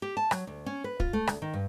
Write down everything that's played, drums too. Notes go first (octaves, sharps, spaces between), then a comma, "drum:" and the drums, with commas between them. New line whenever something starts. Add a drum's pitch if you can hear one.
G4
A5
F#3, drum: rim click
D2
C#4
B4
F4, drum: kick
A3
D2, drum: rim click
D#3
G2